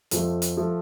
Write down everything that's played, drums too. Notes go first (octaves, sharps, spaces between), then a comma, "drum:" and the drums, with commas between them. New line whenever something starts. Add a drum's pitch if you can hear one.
F2 F3 A3, drum: hi-hat
drum: hi-hat
F3 A3